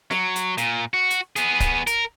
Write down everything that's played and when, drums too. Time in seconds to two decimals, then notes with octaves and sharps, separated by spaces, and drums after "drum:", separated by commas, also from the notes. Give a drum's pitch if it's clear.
0.11 F#3, drum: snare
0.36 drum: hi-hat
0.58 A#2, drum: hi-hat
0.94 F#4
1.10 drum: hi-hat
1.36 B3 G#4, drum: hi-hat
1.60 drum: kick C#1, hi-hat
1.87 A#4, drum: hi-hat